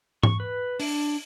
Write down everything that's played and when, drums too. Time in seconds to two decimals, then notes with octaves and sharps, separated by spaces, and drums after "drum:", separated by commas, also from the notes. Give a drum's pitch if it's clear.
0.23 C#6, drum: tom G#2
0.40 B4
0.80 D4, drum: open hi-hat